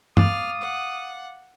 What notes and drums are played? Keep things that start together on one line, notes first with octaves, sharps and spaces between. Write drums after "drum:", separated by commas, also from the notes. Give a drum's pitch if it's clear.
F5 D6 D#6 F6 A6, drum: tom
F#5